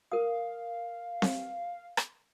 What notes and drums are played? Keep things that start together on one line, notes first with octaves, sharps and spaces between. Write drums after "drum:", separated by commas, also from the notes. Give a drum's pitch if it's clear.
A#4 F5 D#6
drum: snare C4
drum: rim click